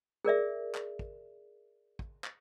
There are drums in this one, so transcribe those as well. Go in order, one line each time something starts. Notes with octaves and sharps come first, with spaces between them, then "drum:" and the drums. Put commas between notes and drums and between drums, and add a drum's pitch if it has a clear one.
G#4 A#4 D5 E5
drum: clap
drum: kick
drum: kick
drum: clap